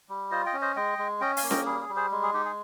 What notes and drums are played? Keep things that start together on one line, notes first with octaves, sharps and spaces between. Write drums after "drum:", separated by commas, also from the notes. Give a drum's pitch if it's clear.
G3
F4 C5 D#5
D#5 G5
C#4
C5 D#5
G#3 D#5 G5
G#3
C#4 D#5 G5
F5 G#5, drum: open hi-hat
A#3
D#5 G5, drum: snare C#4
G3 G#4
G#4
G3
G#4 C5
G#3
G#4
D#4 G4
G#4